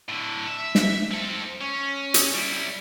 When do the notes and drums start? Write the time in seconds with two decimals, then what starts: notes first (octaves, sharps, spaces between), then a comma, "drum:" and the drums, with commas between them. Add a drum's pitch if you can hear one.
0.09 A2 D3
0.47 E5
0.75 drum: snare
1.11 C4 A4
1.61 C#4
2.14 drum: hi-hat
2.34 G3 E4